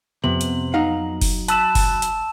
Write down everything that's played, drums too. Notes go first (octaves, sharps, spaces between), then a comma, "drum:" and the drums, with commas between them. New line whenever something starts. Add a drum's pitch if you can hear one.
F2 C3 B3 F#7
drum: hi-hat
F#3 D#4 F5
drum: kick F#1, open hi-hat
A5 B5 E6 F#6 A6 E7, drum: hi-hat
drum: kick F#1, open hi-hat
drum: hi-hat